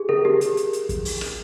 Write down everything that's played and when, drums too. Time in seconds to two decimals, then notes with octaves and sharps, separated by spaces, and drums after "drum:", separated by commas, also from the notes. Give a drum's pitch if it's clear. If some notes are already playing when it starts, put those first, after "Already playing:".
Already playing: G4 G#4
0.09 A#4
0.25 G4
0.41 drum: hi-hat
0.57 drum: hi-hat
0.73 drum: hi-hat
0.89 drum: kick, hi-hat
1.05 drum: open hi-hat
1.21 drum: rim click